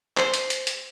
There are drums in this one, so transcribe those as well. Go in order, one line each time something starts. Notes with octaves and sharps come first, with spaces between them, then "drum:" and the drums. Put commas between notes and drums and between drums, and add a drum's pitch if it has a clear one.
C5, drum: clap
drum: hi-hat
drum: hi-hat
drum: hi-hat